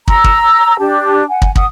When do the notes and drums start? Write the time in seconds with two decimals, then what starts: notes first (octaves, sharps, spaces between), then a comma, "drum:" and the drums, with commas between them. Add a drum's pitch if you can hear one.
0.08 A#5 E6, drum: kick
0.24 drum: kick
0.79 D4 G4 A5
1.28 F#5 G#5
1.42 drum: kick
1.56 F#5 D#6, drum: kick